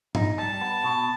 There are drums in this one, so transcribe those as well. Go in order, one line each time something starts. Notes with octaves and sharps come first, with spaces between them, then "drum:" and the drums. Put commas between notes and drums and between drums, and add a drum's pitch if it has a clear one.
D#4, drum: tom
G3 A5
B3
B2